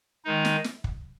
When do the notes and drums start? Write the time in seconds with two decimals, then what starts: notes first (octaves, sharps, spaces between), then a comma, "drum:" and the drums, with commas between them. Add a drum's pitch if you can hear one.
0.24 D#3 G#3 D#4
0.45 drum: snare
0.64 drum: snare
0.84 drum: kick